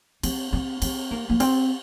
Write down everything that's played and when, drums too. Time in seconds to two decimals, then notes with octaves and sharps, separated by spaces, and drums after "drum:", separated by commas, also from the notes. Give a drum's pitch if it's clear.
0.23 C4, drum: cymbal
0.53 C4
0.82 C4, drum: cymbal
1.11 A#3
1.30 A#3
1.40 C4, drum: cymbal